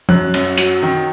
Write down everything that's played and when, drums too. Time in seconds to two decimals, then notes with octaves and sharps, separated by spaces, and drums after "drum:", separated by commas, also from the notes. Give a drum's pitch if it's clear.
0.09 F#2 F#6, drum: tom
0.34 F#2, drum: cymbal
0.58 F#3, drum: hi-hat
0.83 D#3